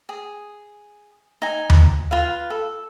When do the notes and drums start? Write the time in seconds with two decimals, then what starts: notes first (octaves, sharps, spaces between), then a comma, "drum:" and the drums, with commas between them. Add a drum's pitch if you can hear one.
0.09 G#4
1.42 D#4 G#5
1.70 drum: tom D#2
2.11 F4 B4 F5
2.50 A4